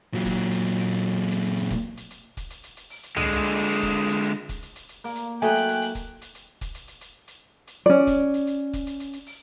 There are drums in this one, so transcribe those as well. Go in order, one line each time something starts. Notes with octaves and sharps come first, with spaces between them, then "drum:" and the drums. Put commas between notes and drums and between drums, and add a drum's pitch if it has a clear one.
A#2 F#3
drum: kick, hi-hat
drum: hi-hat
drum: hi-hat
drum: hi-hat
drum: open hi-hat
drum: hi-hat
drum: hi-hat
drum: hi-hat
drum: hi-hat
drum: kick, hi-hat
drum: hi-hat
drum: hi-hat
drum: kick, hi-hat
drum: hi-hat
drum: hi-hat
drum: hi-hat
drum: open hi-hat
drum: hi-hat
D3 G#3, drum: tom
drum: hi-hat
drum: hi-hat
drum: hi-hat
drum: kick, hi-hat
drum: hi-hat
drum: hi-hat
drum: kick, hi-hat
drum: hi-hat
drum: hi-hat
drum: hi-hat
A#3, drum: open hi-hat
drum: hi-hat
F#3 A3 D#4 G5 G#5 F#6
drum: hi-hat
drum: hi-hat
drum: hi-hat
drum: kick, hi-hat
drum: hi-hat
drum: hi-hat
drum: kick, hi-hat
drum: hi-hat
drum: hi-hat
drum: hi-hat
drum: hi-hat
drum: hi-hat
C#4 D5
drum: kick, hi-hat
drum: hi-hat
drum: hi-hat
drum: kick, hi-hat
drum: hi-hat
drum: hi-hat
drum: hi-hat
drum: open hi-hat